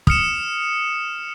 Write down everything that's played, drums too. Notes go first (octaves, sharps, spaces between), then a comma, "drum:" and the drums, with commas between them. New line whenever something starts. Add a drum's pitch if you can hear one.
D#6 F6 C#7 E7, drum: kick